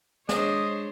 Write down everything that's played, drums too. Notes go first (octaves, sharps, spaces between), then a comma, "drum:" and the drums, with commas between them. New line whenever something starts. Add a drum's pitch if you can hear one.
G#3 D4 C5 C#5 D#5, drum: snare